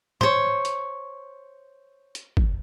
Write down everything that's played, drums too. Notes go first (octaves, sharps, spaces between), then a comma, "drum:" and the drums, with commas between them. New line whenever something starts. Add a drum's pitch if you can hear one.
C5 C#5, drum: tom G#2
drum: hi-hat
drum: hi-hat
drum: kick